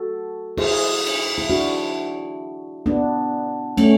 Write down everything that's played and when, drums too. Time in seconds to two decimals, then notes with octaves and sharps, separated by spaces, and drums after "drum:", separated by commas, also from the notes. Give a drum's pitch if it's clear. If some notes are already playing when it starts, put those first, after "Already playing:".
Already playing: F#4 A4
0.57 E4 G#4, drum: cymbal
1.06 drum: cymbal
1.38 E4
1.50 D4 F#4
2.86 B3 D4
3.77 A3 C#4, drum: cymbal